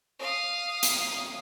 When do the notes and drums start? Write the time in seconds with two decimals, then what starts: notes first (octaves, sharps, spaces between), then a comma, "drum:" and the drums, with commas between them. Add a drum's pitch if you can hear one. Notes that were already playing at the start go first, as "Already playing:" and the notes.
0.19 F5 D#6
0.83 drum: hi-hat